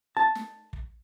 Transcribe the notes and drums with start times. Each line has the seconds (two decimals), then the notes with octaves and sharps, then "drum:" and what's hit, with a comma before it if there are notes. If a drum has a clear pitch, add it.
0.17 A5
0.35 drum: snare
0.73 drum: kick